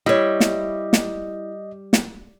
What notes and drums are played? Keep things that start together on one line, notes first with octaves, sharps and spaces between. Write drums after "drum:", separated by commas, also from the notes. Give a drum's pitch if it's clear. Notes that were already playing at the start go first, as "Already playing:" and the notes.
G3 E4 C#5 D#5
drum: snare
drum: snare
drum: snare